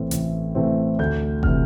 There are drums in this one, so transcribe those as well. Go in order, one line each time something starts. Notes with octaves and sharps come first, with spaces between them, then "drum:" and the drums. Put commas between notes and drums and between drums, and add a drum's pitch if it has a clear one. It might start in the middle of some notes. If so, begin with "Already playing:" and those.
Already playing: A1 A2 E3 A3 C4
A1, drum: hi-hat
A2 E3 A3 C4
D2 G6
C3 E3 F6, drum: kick F#1